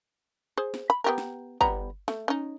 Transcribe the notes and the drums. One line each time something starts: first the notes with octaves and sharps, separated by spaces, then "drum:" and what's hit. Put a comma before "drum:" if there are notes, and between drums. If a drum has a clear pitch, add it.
G#4 C5
drum: snare
B5
B3 G4 A#4
drum: snare
G3 B3 A#5, drum: kick
A3, drum: snare
C#4 D#4